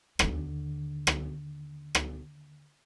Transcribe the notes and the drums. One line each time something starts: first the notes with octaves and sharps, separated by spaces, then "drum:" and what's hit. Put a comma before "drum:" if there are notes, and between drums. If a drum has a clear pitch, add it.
D#2 D3, drum: rim click
drum: rim click
drum: rim click